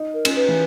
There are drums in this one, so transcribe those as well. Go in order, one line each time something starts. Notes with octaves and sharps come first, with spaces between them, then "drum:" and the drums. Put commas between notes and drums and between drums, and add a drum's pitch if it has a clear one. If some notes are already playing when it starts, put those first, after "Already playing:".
Already playing: D#4
A#4
C#4, drum: cymbal
B4
E3